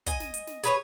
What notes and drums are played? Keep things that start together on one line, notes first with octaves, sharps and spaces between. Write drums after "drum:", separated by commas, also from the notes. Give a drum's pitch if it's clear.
D#5 G#5, drum: kick, hi-hat
drum: snare
drum: hi-hat
drum: snare
G#4 B4 C#5, drum: hi-hat